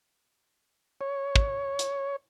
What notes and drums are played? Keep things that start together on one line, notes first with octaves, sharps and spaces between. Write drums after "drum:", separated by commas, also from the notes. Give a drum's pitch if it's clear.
C#5
drum: kick
drum: hi-hat